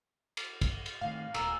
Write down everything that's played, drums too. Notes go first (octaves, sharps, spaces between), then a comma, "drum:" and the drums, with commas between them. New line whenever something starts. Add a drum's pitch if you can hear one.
drum: cymbal
drum: kick, cymbal
drum: cymbal
A2 D#3 F5
D1 A#2 A#4 G#5 A#5 E6, drum: cymbal